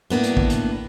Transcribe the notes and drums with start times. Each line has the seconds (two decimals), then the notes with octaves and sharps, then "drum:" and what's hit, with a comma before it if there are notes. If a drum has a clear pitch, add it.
0.10 A2 A#3 B3 D4
0.24 drum: hi-hat
0.37 drum: kick
0.50 drum: hi-hat